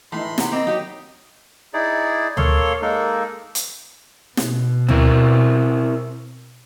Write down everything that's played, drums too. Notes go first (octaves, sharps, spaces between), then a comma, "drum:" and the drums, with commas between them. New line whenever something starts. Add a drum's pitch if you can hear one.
A2 E3 A3 D#4 B5 C6
C3 F#5, drum: snare
A#3 C4 D#5 G5
D#3 F#3 D#4 G4
D#4 E4 G#4 D5
A#3 A4 C#5 F5 C6, drum: tom D2
G#3 A#3 D#4 A4
drum: hi-hat
B2, drum: snare
C4 E4 A#4, drum: tom D2